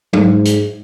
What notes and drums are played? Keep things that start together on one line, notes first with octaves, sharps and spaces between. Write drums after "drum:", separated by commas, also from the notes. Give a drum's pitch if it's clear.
G#2, drum: tom F#3
drum: hi-hat